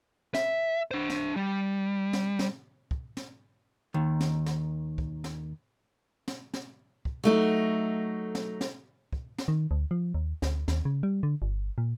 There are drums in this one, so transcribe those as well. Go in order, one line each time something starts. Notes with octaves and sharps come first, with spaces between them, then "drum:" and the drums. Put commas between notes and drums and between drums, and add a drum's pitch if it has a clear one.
E5, drum: snare
D4 C5
drum: snare
G3
drum: snare
drum: snare
drum: kick
drum: snare
D#2 D#3
drum: snare
drum: snare
drum: kick
drum: snare
drum: snare
drum: snare
drum: kick
F#3 A3 D#4
drum: snare
drum: snare
drum: kick
drum: snare
D#3
D2
F3
D#2
D2, drum: snare
D#2, drum: snare
C#3
G3
D3
G1
A#2